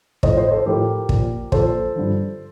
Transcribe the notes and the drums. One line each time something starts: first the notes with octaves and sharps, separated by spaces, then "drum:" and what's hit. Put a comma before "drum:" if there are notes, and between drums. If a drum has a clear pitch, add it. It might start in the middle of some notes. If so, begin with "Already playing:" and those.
A2 F3 C5 D#5, drum: kick
C5 D#5
A4 C5
A2 F3 G4 A#4
A#2 F3, drum: kick
A#2 F3 A4 C5, drum: kick
G2 D3 F3